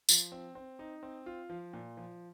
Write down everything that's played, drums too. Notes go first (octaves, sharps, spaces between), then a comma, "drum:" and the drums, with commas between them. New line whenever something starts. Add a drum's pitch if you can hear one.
F3, drum: tambourine
C4
C4
D#4
C4
F4
F3
A#2
F3